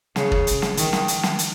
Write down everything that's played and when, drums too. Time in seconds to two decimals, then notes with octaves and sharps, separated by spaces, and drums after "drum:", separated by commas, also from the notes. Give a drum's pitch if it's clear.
0.16 C#3, drum: snare
0.32 drum: kick
0.47 drum: hi-hat
0.62 drum: snare
0.77 D#3, drum: hi-hat
0.93 drum: snare
1.08 drum: hi-hat
1.23 drum: snare
1.39 drum: hi-hat